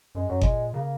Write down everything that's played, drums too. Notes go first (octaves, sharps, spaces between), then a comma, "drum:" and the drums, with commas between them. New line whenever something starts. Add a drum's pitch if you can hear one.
F#2 G#3
F#2 F#3
A#2 G#3, drum: kick G1
C#3 A#3